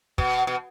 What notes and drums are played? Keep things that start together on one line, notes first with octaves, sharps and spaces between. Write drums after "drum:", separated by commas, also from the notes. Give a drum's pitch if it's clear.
B2, drum: kick
B2